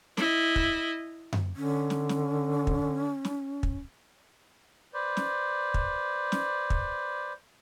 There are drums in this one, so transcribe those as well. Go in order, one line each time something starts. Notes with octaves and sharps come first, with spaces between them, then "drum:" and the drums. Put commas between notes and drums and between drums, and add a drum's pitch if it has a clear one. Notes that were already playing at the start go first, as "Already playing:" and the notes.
E4 D#5, drum: snare
drum: kick
drum: tom F#2
D3 C#4
drum: snare
drum: snare
drum: kick
drum: snare
drum: kick
B4 C5 D5
drum: snare
drum: kick
drum: snare
drum: kick